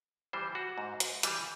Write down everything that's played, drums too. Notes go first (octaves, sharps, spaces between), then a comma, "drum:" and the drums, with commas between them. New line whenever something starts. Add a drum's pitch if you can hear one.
E3 G3 C5
F#4
G#2
drum: hi-hat
E3 G3, drum: hi-hat